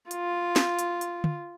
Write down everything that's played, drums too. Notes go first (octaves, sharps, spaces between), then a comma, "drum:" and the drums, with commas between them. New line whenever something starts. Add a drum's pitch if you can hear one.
F4, drum: hi-hat
drum: snare
drum: hi-hat
drum: hi-hat
drum: tom